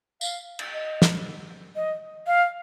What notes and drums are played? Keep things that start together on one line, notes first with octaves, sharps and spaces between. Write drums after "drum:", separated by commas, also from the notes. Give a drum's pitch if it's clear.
F5, drum: tambourine
drum: cymbal
D#5
drum: snare
D#5
F5